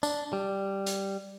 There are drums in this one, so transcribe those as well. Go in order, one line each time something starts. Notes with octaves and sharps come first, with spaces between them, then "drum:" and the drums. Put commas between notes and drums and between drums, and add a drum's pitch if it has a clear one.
D4, drum: tambourine
G3
drum: hi-hat